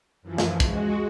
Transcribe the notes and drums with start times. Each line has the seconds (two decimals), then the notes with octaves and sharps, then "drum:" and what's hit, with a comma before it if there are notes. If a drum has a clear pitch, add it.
0.22 F#2 E3 F3
0.38 drum: snare
0.60 G#3 F#4, drum: kick